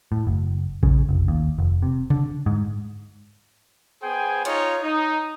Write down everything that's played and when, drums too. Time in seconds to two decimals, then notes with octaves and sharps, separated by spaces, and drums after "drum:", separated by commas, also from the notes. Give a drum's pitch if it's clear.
0.12 A2
0.27 F#1
0.83 C#3, drum: kick A#1
1.09 F1
1.28 D#2
1.58 F1
1.82 C3
2.10 D3, drum: tom C3
2.46 G#2
4.03 B3 G#4 C5 G5 G#5
4.45 D#4 F4 C#5, drum: hi-hat
4.83 D#4